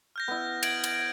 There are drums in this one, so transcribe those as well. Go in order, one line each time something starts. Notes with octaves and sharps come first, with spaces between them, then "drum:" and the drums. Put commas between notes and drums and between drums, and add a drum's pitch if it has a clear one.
F6 G6 A#6
B3 E4
G#6 D7 F#7, drum: cymbal
drum: cymbal